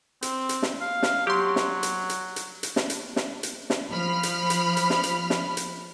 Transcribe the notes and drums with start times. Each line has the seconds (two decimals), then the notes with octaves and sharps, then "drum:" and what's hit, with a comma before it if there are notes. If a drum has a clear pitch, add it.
0.22 C4, drum: hi-hat
0.49 drum: hi-hat
0.63 drum: snare
0.81 F5
1.03 drum: snare
1.27 F#3 G4 C6
1.56 drum: snare
1.83 drum: hi-hat
2.09 drum: hi-hat
2.36 drum: hi-hat
2.63 drum: hi-hat
2.76 drum: snare
2.90 drum: hi-hat
3.16 drum: snare
3.43 drum: hi-hat
3.70 drum: snare
3.91 F3 B5 F6
4.23 drum: hi-hat
4.50 drum: hi-hat
4.77 drum: hi-hat
4.90 drum: snare
5.03 drum: hi-hat
5.30 drum: snare
5.57 drum: hi-hat